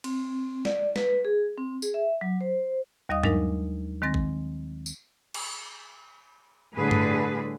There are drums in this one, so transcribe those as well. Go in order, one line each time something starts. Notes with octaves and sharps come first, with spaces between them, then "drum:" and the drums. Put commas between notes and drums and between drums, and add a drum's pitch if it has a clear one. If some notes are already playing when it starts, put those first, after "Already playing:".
C4, drum: cymbal
D5, drum: snare
B4, drum: snare
G#4
C4
G#4, drum: tambourine
E5
F#3
C5
D#2 G3 D#5 F5 D#6
F#3 G#3 D4 D#4 A#4, drum: tom G2
D#3 G#3 C4 A6 A#6
drum: kick A1
drum: tambourine
drum: cymbal
A2 D3 G3 G#4 B4
drum: tom G2